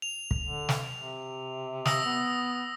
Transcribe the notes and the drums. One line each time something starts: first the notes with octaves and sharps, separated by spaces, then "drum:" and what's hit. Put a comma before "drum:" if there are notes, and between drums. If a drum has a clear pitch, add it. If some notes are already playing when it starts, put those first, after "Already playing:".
F7
drum: kick
D3
drum: snare
C3
D#6 E6 A#6, drum: snare
B3